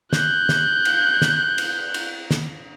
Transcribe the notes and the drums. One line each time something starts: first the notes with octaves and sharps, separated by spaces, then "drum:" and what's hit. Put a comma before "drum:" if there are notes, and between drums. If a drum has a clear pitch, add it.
F#6 G6, drum: snare
drum: snare
drum: cymbal
drum: snare
drum: cymbal
drum: cymbal
drum: snare